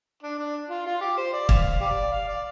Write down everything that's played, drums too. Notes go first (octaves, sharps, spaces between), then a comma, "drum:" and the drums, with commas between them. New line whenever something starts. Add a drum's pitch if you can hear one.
D4
D4
F4
F4
G4
C5
D5
D5 F5, drum: kick
G4 D5
F5
D5